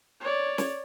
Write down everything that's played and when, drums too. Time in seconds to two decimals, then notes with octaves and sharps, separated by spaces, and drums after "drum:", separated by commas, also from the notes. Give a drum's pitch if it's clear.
0.21 C#5 D5
0.58 drum: snare